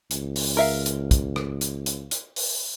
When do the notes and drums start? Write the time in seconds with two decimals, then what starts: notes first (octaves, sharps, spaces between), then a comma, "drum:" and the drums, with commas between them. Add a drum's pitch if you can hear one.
0.11 C#2, drum: hi-hat
0.36 drum: open hi-hat
0.57 A#4 E5 F5
0.86 drum: hi-hat
1.11 drum: kick, hi-hat
1.36 drum: rim click
1.61 drum: hi-hat
1.86 drum: hi-hat
2.11 drum: hi-hat
2.36 drum: open hi-hat